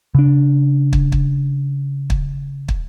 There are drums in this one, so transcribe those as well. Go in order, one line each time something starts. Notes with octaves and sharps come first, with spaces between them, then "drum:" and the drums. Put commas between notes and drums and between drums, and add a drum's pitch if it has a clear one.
C#3 D4
drum: kick
drum: kick
drum: kick
drum: kick